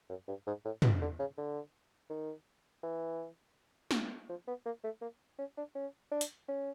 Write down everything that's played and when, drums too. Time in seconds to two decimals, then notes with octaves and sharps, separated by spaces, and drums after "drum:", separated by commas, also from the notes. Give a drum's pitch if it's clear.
0.09 F#2
0.28 G2
0.47 G#2
0.65 A2
0.82 B2, drum: tom
1.01 D3
1.19 C#3
1.38 D3
2.10 D#3
2.83 E3
3.91 drum: snare
4.29 F3
4.47 B3
4.66 A#3
4.84 A3
5.01 A#3
5.39 C#4
5.57 D4
5.75 C#4
6.11 D4
6.21 drum: hi-hat
6.48 C#4